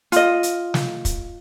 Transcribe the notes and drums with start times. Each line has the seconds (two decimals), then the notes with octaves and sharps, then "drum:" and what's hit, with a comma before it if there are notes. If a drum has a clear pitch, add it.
0.12 F4 D#5, drum: hi-hat
0.43 drum: hi-hat
0.74 drum: snare
1.05 drum: kick, hi-hat